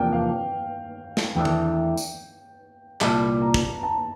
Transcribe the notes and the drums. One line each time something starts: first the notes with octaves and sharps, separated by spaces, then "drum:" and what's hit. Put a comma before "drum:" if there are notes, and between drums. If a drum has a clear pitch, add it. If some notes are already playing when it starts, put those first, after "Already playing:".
Already playing: E2 C3 F3 A#3 D4 G5
F5
drum: snare
E2 E3 A3 D4 G5
drum: tom D#3
drum: tambourine
C2 A#2 G3 A5, drum: clap
A#5
drum: kick
A5